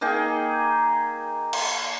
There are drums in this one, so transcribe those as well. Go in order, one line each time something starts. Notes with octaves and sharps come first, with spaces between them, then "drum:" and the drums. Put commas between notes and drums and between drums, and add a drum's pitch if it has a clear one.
A#3 D#4 G#4 G5
drum: cymbal